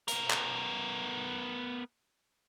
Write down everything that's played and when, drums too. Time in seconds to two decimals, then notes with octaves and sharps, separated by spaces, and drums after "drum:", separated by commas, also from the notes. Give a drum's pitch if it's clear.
0.08 B3 A#4, drum: hi-hat
0.30 drum: clap